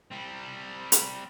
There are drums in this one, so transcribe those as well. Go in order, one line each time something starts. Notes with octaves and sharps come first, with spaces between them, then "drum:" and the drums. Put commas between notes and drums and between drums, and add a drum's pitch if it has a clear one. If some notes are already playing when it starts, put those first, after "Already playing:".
G3 C4
drum: hi-hat